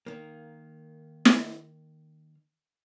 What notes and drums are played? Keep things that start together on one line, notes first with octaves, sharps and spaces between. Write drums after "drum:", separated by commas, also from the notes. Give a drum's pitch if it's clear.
D#3 A#3
drum: snare